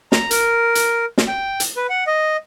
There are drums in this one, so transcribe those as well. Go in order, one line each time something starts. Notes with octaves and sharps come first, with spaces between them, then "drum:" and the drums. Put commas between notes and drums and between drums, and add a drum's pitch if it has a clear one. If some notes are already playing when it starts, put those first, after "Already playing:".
A#5, drum: snare
A#4, drum: hi-hat
drum: hi-hat
drum: snare
G5
drum: hi-hat
B4
F#5
D#5